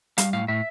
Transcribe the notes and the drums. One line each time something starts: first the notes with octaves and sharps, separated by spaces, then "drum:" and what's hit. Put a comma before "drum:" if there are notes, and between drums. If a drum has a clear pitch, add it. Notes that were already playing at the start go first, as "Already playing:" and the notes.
G3 F5, drum: hi-hat
A2 F5
A2 E5